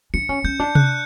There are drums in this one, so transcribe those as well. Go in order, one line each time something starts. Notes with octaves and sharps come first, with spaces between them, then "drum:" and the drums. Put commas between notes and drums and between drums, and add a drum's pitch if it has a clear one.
D4 C#7
C#4
C#4 G6
D4
F#6, drum: tom C3